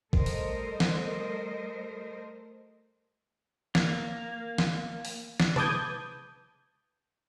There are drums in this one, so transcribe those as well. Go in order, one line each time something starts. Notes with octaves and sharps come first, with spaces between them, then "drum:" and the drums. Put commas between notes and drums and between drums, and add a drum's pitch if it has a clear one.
G3 A3 A4 A#4 C5 D#5, drum: kick A1
drum: open hi-hat
drum: snare
A#3, drum: snare
drum: snare
drum: open hi-hat
drum: snare
B4 A5 D6 D#6 G6 G#6, drum: tom C3